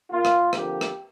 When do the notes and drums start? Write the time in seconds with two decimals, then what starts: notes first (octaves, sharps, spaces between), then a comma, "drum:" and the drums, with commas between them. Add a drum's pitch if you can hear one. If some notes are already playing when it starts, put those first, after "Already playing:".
0.10 A#2 A#3 F4
0.25 drum: rim click
0.53 F2 D3 F3 A#3 G4, drum: rim click
0.81 drum: rim click